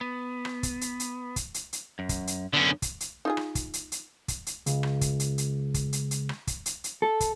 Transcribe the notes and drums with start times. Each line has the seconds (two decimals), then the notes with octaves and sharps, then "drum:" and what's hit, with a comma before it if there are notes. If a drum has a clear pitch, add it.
0.01 B3
0.45 drum: rim click
0.63 drum: kick, hi-hat
0.81 drum: hi-hat
1.00 drum: hi-hat
1.36 drum: kick, hi-hat
1.54 drum: hi-hat
1.73 drum: hi-hat
1.99 F#2
2.09 drum: kick, hi-hat
2.27 drum: hi-hat
2.53 F#2 D3 B3 C#4
2.82 drum: kick, hi-hat
3.00 drum: hi-hat
3.25 D#4 F4 G#4
3.37 drum: rim click
3.55 drum: kick, hi-hat
3.73 drum: hi-hat
3.92 drum: hi-hat
4.28 drum: kick, hi-hat
4.47 drum: hi-hat
4.66 C#2, drum: hi-hat
4.83 drum: rim click
5.01 drum: kick, hi-hat
5.20 drum: hi-hat
5.38 drum: hi-hat
5.74 drum: kick, hi-hat
5.93 drum: hi-hat
6.11 drum: hi-hat
6.29 drum: rim click
6.47 drum: kick, hi-hat
6.66 drum: hi-hat
6.84 drum: hi-hat
7.02 A4
7.20 drum: kick, hi-hat